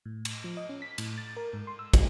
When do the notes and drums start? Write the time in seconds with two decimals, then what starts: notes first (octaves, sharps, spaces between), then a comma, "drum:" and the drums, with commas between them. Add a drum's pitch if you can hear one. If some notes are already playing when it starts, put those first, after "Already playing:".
0.06 A2
0.25 drum: cymbal
0.44 F3
0.57 D#5
0.69 C#4
0.82 B6
0.98 A2, drum: cymbal
1.18 A6
1.37 A#4
1.53 G#2
1.67 C6
1.79 E6
1.94 G#3, drum: kick, cymbal